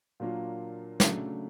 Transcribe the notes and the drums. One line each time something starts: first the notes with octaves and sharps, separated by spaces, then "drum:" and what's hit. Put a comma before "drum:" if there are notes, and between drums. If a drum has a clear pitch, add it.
A#2 F#3 A#3 D4 F4
C#3 F#3 A3 D4, drum: snare